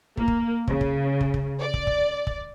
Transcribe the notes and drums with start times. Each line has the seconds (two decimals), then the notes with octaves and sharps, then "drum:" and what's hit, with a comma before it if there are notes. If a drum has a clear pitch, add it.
0.17 A#3, drum: kick
0.28 drum: kick
0.68 C#3, drum: kick
0.81 drum: kick
1.21 drum: kick
1.34 drum: kick
1.60 D5
1.74 drum: kick
1.87 drum: kick
2.27 drum: kick